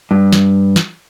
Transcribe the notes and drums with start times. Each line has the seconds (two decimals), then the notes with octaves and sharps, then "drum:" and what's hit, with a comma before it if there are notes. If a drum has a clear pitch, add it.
0.11 G2
0.33 drum: snare
0.76 drum: snare